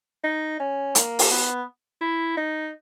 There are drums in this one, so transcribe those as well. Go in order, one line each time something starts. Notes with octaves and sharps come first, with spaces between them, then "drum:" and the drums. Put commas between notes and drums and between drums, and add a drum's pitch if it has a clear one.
D#4
C#4
A#3, drum: hi-hat
drum: open hi-hat
B3
E4
D#4